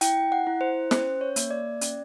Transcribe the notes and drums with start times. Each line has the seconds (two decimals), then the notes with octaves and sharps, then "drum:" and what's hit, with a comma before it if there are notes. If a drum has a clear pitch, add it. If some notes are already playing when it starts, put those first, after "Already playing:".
0.01 E4 G5, drum: hi-hat
0.32 F#5
0.47 E4
0.61 C5
0.91 C#4 C5, drum: snare
1.21 C#5
1.36 A#3, drum: hi-hat
1.51 D5
1.81 C#4, drum: hi-hat